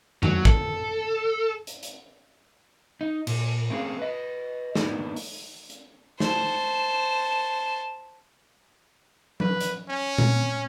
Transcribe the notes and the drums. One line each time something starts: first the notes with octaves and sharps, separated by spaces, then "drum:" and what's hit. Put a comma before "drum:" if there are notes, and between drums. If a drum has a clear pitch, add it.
F#3, drum: tom F#2
A4, drum: kick
drum: hi-hat
drum: hi-hat
D#4
A#2, drum: cymbal
A3 A#3 C4 C#4 G#4 F5
B4 D#5
A#3 B3 D4 D#4 A4, drum: snare
drum: open hi-hat
drum: hi-hat
C5 A5, drum: snare
B4, drum: tom F#3
drum: hi-hat
C#4
drum: tom A#2